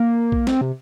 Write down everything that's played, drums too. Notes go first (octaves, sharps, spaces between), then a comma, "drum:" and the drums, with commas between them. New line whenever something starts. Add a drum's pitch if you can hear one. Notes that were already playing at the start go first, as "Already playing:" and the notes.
Already playing: A#3
drum: kick A#1
C4, drum: snare
C3